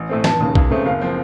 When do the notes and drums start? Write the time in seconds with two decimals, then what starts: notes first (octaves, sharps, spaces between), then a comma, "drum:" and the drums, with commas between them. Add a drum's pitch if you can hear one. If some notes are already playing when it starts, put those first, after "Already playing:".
Already playing: A1
0.09 A2 A3 C4
0.24 F1 A5, drum: snare
0.40 D#2 C#3
0.55 C#2, drum: kick
0.70 C#3 A3 C4
0.86 F#1 F5
1.01 F3 C4